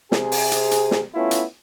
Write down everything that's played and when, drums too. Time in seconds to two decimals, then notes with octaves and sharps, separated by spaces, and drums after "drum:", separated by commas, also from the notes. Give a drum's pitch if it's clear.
0.12 C3 G#4, drum: snare
0.32 drum: open hi-hat
0.51 drum: hi-hat
0.71 drum: hi-hat
0.91 drum: snare
1.15 A3 B3 C#4 E4 F4
1.31 drum: hi-hat